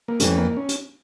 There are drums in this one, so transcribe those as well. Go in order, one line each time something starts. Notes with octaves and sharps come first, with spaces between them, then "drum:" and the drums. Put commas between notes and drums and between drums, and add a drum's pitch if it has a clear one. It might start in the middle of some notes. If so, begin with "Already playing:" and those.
A#3
F2 E3 A3 C#4, drum: hi-hat
A#3
C#4
drum: hi-hat